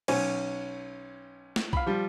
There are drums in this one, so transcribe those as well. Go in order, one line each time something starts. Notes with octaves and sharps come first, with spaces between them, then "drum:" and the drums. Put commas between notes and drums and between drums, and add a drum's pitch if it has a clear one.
B1 C#4 G#5, drum: cymbal
drum: snare
F5 B5, drum: kick B1
F3 G3 F4